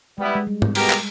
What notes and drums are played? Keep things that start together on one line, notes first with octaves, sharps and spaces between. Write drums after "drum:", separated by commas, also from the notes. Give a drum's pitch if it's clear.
G3 G#3 B3 E4
G#3
G3
drum: tom G#2
B2 G#3 B3 G4 A#4, drum: cymbal
drum: clap